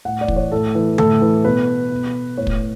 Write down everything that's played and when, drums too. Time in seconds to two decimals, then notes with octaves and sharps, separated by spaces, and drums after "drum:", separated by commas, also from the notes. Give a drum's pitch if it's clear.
0.05 A2 F#5
0.21 D5
0.28 E3, drum: kick
0.36 C#5
0.52 A2 A4
0.75 E3
0.98 A2 A4, drum: tom D3
1.22 E3
1.44 B2 B4
1.92 B2
2.37 A2 C#5
2.47 drum: kick